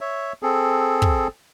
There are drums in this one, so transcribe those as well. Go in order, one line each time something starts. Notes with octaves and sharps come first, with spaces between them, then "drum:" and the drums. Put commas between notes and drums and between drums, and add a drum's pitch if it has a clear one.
C#5 E5
C4 G#4 A4
drum: kick